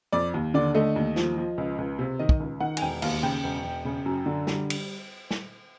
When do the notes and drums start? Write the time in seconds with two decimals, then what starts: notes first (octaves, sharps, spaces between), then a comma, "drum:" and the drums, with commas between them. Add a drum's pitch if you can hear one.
0.12 F2 D5
0.34 D#2
0.54 D3 D5
0.75 A3 D#5
0.96 D#2
1.16 F3, drum: snare
1.37 F3
1.58 C#2
1.78 C#2
1.99 C3
2.19 D#3 D#5
2.29 drum: kick
2.40 C#2
2.60 D#3 F#5
2.77 G#5, drum: cymbal
2.81 E1 G5
3.02 D#2 F5, drum: cymbal
3.23 C#3 G5
3.44 E1
3.64 E1
3.85 C#3
4.06 F#2
4.26 D3
4.47 G3, drum: snare
4.70 drum: cymbal
5.31 drum: snare